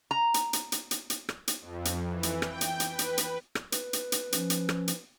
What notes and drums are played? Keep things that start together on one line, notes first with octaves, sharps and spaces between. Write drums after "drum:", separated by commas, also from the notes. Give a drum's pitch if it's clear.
A#5
drum: hi-hat
drum: hi-hat
drum: hi-hat
drum: hi-hat
drum: hi-hat
drum: rim click
drum: hi-hat
F2
drum: hi-hat
E3
drum: hi-hat
G5, drum: rim click
drum: hi-hat
drum: hi-hat
B4
drum: hi-hat
drum: hi-hat
drum: rim click
B4, drum: hi-hat
drum: hi-hat
drum: hi-hat
F3 C#4, drum: hi-hat
drum: hi-hat
drum: rim click
drum: hi-hat